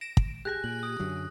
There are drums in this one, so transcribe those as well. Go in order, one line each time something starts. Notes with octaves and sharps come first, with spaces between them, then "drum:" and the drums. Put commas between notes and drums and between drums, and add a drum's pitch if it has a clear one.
A#6 D7 E7
drum: kick
G4 G#4 G#5 F#6 A#6
A#2 F#7
D#6
F#2 D3 F#3